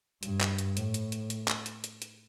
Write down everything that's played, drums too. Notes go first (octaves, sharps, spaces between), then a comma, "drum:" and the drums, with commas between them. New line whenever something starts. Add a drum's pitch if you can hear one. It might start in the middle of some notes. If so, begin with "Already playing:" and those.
G2, drum: hi-hat
drum: clap
drum: hi-hat
A2, drum: hi-hat
drum: hi-hat
drum: hi-hat
drum: hi-hat
drum: clap
drum: hi-hat
drum: hi-hat
drum: hi-hat